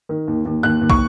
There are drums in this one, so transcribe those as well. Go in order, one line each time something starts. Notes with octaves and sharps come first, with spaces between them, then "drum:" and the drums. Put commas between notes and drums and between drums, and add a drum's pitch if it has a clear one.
D#3
D#2
D#2
D#2 F#6
D#2
C#6, drum: kick